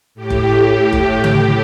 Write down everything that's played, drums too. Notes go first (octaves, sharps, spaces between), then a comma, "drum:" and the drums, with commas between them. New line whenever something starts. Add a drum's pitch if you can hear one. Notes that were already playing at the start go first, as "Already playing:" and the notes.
A2 G4
drum: kick F#1
drum: kick F#1
drum: tom C#3